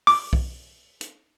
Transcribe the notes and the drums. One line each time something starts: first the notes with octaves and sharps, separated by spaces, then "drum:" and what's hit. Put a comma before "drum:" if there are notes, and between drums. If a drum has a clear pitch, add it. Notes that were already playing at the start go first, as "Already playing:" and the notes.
D6, drum: open hi-hat
drum: kick
drum: hi-hat